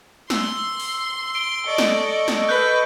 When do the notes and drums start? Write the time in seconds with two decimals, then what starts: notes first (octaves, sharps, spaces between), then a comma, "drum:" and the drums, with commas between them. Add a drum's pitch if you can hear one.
0.30 C6 E6, drum: snare
0.80 drum: open hi-hat
1.35 D7 G7
1.66 A4 D5 D#5 C#6 C#7
1.78 drum: snare
2.28 drum: snare
2.49 B4 F#6 G6